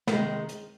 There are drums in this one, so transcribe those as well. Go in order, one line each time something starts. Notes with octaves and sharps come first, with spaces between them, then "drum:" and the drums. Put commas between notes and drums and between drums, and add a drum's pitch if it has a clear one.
C3 D#3 G#3 A#3, drum: snare
drum: hi-hat